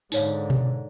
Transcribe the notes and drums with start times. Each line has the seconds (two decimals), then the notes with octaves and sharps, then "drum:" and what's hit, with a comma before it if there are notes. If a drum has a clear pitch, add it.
0.12 G#2 D3 D#4 C#5 F5, drum: tambourine
0.50 drum: tom B2